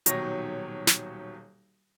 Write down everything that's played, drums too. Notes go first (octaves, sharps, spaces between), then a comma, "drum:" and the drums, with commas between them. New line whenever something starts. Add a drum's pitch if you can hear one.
D#1 B1 D#3 F#3 C#5 A#6, drum: hi-hat
drum: snare